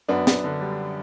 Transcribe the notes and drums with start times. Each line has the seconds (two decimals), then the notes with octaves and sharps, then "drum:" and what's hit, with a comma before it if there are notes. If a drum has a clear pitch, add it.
0.08 F#2 B3 D4
0.27 F#2, drum: snare
0.44 D3
0.61 G3